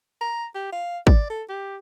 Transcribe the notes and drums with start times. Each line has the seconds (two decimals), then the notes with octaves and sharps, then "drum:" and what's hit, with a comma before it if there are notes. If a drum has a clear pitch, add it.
0.21 A#5
0.55 G4
0.72 F5
1.07 D5, drum: kick
1.30 A4
1.49 G4